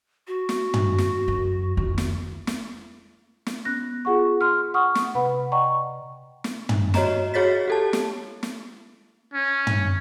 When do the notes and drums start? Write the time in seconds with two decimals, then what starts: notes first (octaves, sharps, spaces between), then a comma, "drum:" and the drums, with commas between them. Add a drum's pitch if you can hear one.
0.28 F#4
0.49 drum: snare
0.74 drum: tom
0.98 drum: snare
1.28 F#2
1.77 F2 D#3
1.98 drum: snare
2.47 drum: snare
3.46 drum: snare
3.65 B3 C#4 F#6 A#6
4.05 F4 G#4 F#5 C#6
4.41 C6 F6
4.74 F#5 C#6 D#6 F6
4.95 drum: snare
5.15 C3 B4 F#5 B5
5.52 D5 D#5 F#5 G5 A#5 C#6
6.44 drum: snare
6.69 drum: tom
6.94 F#4 C#5 D#5 A#5 E7, drum: snare
7.34 F#4 G#4 C#5 A6 B6
7.68 G4 A4 A5
7.93 drum: snare
8.43 drum: snare
9.34 C#4
9.67 drum: tom